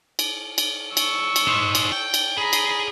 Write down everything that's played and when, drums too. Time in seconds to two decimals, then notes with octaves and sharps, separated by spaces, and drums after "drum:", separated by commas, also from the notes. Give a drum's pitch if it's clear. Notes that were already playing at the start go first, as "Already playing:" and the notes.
0.19 drum: cymbal
0.58 drum: cymbal
0.97 C#6 E6, drum: cymbal
1.36 drum: cymbal
1.48 D#4 C5
1.75 drum: cymbal
1.92 G5
2.14 drum: cymbal
2.37 G#4 A#5 B5
2.53 drum: cymbal